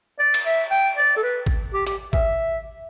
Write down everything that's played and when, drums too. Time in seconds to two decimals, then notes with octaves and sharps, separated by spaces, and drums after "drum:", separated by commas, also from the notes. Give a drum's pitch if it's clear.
0.19 D5
0.34 drum: cymbal
0.46 E5
0.71 G5
0.97 D5
1.16 A4
1.23 B4
1.46 drum: kick G#1
1.74 G4
1.87 G4, drum: hi-hat
2.13 E5, drum: kick G#1